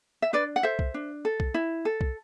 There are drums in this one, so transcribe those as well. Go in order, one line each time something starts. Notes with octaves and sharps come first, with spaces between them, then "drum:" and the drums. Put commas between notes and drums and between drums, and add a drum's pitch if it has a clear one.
E5
D4 B4 D5
F#5
A4 C5 E5
drum: kick
D4
A4
drum: kick
E4
A4
drum: kick